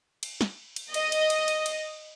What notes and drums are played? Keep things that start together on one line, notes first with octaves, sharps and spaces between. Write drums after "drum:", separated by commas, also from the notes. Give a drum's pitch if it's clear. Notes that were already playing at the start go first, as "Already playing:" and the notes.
drum: cymbal
drum: snare
drum: cymbal
D#5, drum: cymbal
drum: cymbal
drum: cymbal
drum: cymbal
drum: cymbal